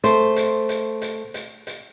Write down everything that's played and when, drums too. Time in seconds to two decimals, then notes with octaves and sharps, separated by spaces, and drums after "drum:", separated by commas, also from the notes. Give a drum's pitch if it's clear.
0.04 A3 C5, drum: hi-hat
0.36 drum: hi-hat
0.69 drum: hi-hat
1.02 drum: hi-hat
1.34 drum: hi-hat
1.67 drum: hi-hat